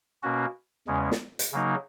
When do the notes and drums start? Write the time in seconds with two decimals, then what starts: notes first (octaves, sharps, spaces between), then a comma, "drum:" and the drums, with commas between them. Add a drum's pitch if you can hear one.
0.23 B2 A#3 C#4 F#4
0.87 E2 C#3 G#3 C#4
1.11 drum: snare
1.39 drum: hi-hat
1.52 C#3 F#3 A#3 D#4